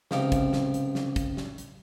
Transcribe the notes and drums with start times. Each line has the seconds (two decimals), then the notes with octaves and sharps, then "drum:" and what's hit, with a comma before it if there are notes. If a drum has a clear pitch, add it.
0.11 C#2 C3 F3 D#4 D6, drum: snare
0.32 drum: kick, hi-hat
0.53 drum: snare
0.74 drum: hi-hat
0.95 drum: snare
1.16 drum: kick, hi-hat
1.37 drum: snare
1.58 drum: hi-hat